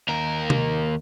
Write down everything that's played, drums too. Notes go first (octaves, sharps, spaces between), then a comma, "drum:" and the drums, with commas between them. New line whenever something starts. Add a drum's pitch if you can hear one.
D#2 A#4
drum: tom C3